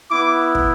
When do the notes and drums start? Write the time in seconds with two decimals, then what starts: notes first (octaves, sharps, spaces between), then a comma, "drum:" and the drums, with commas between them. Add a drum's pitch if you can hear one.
0.11 B3 E4 D6
0.55 drum: kick